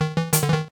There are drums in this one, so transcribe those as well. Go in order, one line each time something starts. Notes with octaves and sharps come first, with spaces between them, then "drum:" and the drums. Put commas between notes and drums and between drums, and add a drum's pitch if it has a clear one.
D#3
E3
D#3, drum: hi-hat
D3
E3
D#3